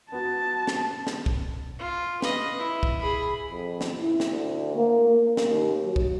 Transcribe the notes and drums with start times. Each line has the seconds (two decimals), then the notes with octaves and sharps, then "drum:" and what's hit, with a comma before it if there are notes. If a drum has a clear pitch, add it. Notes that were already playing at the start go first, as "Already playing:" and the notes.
0.12 B3 F#4 A5
0.67 drum: snare
1.07 drum: snare
1.26 drum: kick
1.79 F4
2.22 B4 D#5, drum: snare
2.59 E4
2.83 drum: kick
3.00 G#4 B5
3.50 F2
3.81 drum: snare
4.00 E4
4.20 drum: snare
4.32 D2
4.76 A#3
5.09 A#3
5.37 drum: snare
5.48 D#2
5.85 F#3
5.96 drum: kick